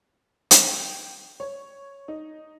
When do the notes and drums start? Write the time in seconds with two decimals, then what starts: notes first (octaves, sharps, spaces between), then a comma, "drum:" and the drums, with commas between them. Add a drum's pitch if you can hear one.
0.51 drum: hi-hat
0.67 G5
1.40 C#5
2.08 D#4